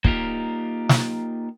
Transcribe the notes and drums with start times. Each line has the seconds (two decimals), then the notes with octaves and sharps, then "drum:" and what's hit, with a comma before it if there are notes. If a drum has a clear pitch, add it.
0.04 A#3 D#4 F4 G4 A#4, drum: kick
0.89 drum: snare